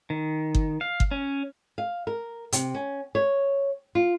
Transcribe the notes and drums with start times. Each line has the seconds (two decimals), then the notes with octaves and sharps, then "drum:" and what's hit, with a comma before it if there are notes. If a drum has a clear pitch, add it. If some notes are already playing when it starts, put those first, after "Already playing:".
0.10 D#3
0.55 drum: kick G1
0.81 F5
1.00 drum: kick G1
1.11 C#4
1.78 F5
2.07 A#4
2.52 C3, drum: hi-hat
2.75 C#4
3.15 C#5
3.95 F4